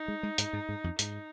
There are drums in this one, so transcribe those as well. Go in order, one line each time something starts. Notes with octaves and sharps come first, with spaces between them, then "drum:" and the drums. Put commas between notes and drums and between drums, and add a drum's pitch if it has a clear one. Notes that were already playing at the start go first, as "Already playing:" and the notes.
Already playing: D#4
G#3
G#3
G#2, drum: hi-hat
G#2
G#2
F2
G#2 D#4, drum: hi-hat